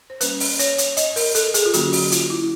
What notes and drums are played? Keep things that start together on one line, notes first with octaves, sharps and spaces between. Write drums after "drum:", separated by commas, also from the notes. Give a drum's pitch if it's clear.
C5
G3 A#3 C#4 B4, drum: hi-hat
drum: open hi-hat
C#5, drum: hi-hat
drum: hi-hat
D#5, drum: hi-hat
A#4, drum: open hi-hat
A4, drum: hi-hat
G#4, drum: hi-hat
F4
D3 F#3 A#3 C#4 F#4, drum: hi-hat
F#4, drum: open hi-hat
F4, drum: hi-hat
E4